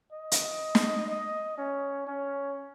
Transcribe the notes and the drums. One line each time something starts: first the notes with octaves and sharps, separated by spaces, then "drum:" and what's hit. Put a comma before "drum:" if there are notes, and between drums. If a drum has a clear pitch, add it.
D#5
drum: hi-hat
drum: snare
D#5
C#4
C#4